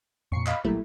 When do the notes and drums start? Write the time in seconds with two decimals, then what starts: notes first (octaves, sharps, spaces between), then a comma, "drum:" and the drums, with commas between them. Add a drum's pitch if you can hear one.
0.32 F2 A#2 C#6 C7 C#7
0.47 D#5 F5 B5, drum: clap
0.65 A#1 F#3 G3 A3 A#3 E4, drum: kick